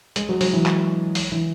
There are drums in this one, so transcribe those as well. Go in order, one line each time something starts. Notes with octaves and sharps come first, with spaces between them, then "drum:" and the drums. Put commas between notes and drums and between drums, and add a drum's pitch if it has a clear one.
G#3, drum: hi-hat
F#3
F#3, drum: open hi-hat
E3
drum: clap
drum: open hi-hat
E3